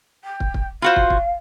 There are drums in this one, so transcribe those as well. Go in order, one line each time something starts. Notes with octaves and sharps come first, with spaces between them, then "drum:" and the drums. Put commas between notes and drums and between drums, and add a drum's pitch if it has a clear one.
G5
drum: kick
drum: kick
F4 F#4 C5 F5
drum: kick
drum: kick